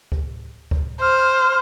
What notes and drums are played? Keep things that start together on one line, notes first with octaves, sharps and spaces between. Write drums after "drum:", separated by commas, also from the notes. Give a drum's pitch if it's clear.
drum: kick D2
drum: kick D2
C5 F6